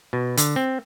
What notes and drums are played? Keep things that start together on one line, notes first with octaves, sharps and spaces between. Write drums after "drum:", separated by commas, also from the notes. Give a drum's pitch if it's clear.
B2
D3, drum: hi-hat
C4